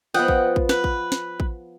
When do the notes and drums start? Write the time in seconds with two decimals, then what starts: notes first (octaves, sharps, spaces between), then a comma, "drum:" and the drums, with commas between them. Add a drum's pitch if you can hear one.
0.14 F3 B3 D#5 F#5 G5
0.28 drum: kick A1
0.56 drum: kick A1
0.69 B4, drum: snare
0.84 drum: kick A1
1.12 drum: snare
1.40 drum: kick A1